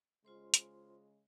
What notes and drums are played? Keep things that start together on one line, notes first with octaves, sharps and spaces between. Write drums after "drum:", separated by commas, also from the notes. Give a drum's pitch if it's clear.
C#3 G#3 F4 C5 C6
drum: hi-hat